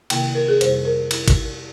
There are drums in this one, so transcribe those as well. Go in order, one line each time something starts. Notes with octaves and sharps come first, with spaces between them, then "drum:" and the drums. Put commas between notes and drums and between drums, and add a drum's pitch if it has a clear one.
C3 D#3 A#3 G5, drum: cymbal
A#4
G#4
F2 C3 G3 C5, drum: cymbal
A#4
drum: cymbal
drum: kick, cymbal